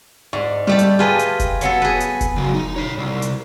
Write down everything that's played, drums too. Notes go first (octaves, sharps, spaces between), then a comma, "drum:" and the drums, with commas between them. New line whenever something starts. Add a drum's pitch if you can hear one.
G#2 D5
G3 A3 G4 D5
drum: hi-hat
F4 G4 G#4 B4 D#5 A5
drum: hi-hat
drum: kick F1, hi-hat
F#3 B3 A4, drum: hi-hat
G#4 B4
drum: hi-hat
drum: kick F1, hi-hat
C#3 F#3
D#4
C#5 B5
C2
drum: hi-hat